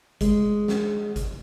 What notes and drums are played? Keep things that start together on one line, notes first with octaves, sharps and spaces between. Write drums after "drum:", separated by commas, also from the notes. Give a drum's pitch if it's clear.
G#3, drum: kick G1, hi-hat
drum: snare
drum: kick G1, hi-hat